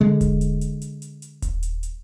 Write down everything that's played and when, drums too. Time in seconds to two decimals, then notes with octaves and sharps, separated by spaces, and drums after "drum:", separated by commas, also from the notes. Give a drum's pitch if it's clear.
0.01 D3 G#3
0.21 drum: kick D#1, hi-hat
0.41 drum: hi-hat
0.61 drum: hi-hat
0.82 drum: hi-hat
1.02 drum: hi-hat
1.22 drum: hi-hat
1.42 drum: kick D#1, hi-hat
1.63 drum: hi-hat
1.83 drum: hi-hat